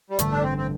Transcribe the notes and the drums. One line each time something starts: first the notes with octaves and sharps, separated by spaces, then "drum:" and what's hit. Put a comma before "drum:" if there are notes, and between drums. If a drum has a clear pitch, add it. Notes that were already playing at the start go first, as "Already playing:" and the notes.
G3
A1 G2 D3 A3, drum: hi-hat
D4
C4
C4